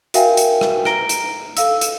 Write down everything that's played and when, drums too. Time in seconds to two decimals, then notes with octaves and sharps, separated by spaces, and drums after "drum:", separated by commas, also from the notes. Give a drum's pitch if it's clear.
0.14 F#4 A#4 E5 F5 G5 G#5, drum: hi-hat
0.37 drum: hi-hat
0.61 drum: rim click
0.85 A#5 A#6 D7 G7, drum: rim click
1.09 drum: hi-hat
1.57 A4 F5 E6, drum: hi-hat
1.81 drum: hi-hat